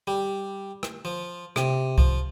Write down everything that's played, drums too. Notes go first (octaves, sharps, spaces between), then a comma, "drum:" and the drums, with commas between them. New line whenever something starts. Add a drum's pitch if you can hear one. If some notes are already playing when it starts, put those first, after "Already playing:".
G3
drum: rim click
F3
C3, drum: rim click
F3, drum: kick C2